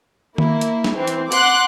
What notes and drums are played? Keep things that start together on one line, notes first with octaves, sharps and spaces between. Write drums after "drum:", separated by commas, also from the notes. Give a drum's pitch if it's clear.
A#3 E4, drum: tom D#3
drum: hi-hat
drum: snare
E3 C4
drum: hi-hat
F#5 C6 D6 F#6, drum: hi-hat